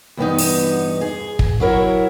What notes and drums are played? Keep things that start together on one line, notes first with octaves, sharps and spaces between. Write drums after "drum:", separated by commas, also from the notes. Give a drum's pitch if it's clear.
E2 G2 B3 D#4
drum: open hi-hat
G#4
drum: kick
F#3 E4 A#4 C#5